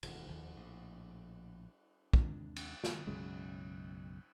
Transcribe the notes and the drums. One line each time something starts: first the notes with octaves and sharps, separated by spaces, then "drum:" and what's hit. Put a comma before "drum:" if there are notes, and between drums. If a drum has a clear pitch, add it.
E1 D2 D#3, drum: cymbal
F1 D#2 D#3 F3
A#1 A2
D#2 C3 G#3 D4, drum: kick
drum: cymbal
drum: snare
B1 F#2 C#3 G#3